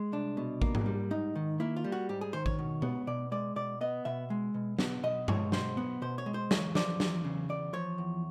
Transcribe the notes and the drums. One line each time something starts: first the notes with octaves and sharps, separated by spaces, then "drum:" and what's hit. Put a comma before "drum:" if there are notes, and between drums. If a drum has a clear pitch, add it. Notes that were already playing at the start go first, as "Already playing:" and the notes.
Already playing: G#3
C2 D4
B2
A#3, drum: kick A1
drum: tom G#2
G3
G#2 D#4
D#3
A#3 E4
F4
G3
F#4
G#2 G4
G#4
D#3 C5
C#5, drum: kick A1
B2
B3, drum: tom B2
B2 D5
G#3 D5
B2 D5
B3 D#5
B2 E5
G#3
B2
B3, drum: snare
B2 D#5
G#3 C#5, drum: tom G2
B2 C5, drum: snare
B3
B2 C5
C#5
G#3
C5
E2 C#5, drum: snare
F3 D5, drum: snare
E2, drum: snare
C#3
E2 D5
F3 C#5
E2